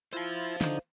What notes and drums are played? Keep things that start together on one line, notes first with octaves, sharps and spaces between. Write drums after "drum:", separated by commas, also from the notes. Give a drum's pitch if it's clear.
E4 F4 C5 F5
D3 D#4, drum: snare